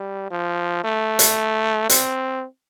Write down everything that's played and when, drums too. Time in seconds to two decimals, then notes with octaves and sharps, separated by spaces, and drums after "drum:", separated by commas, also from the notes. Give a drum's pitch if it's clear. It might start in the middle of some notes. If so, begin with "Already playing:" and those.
Already playing: G3
0.31 F3
0.84 A3
1.19 drum: hi-hat
1.89 C4, drum: hi-hat